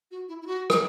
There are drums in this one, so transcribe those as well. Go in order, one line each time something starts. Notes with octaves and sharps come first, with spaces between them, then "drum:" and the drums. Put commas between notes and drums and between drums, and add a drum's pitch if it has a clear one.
F#4
E4
E4
F#4
drum: rim click